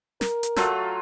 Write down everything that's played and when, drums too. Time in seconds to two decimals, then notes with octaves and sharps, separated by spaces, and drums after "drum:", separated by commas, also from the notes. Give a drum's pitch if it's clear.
0.21 A#4, drum: snare
0.43 drum: hi-hat
0.56 F#3 A3 F4, drum: snare